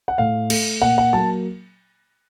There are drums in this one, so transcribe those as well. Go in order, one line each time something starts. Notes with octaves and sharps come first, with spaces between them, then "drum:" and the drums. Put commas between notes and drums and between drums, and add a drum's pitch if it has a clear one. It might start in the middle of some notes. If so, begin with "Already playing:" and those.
F#5
A2 F5
A3, drum: cymbal
A#2 F#5
F#5
F#3 A#3 A5